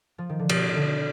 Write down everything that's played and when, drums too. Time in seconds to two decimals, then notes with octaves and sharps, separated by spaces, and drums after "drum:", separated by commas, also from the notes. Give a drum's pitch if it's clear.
0.18 F3
0.29 D#3
0.39 D3
0.49 B2, drum: cymbal
0.71 B2 D3